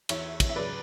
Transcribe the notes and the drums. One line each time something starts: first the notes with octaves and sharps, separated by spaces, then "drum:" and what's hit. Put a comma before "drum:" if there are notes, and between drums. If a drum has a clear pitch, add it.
E2 C#5 E5, drum: cymbal
drum: kick, cymbal
E5
C#3 F#3 B4 D5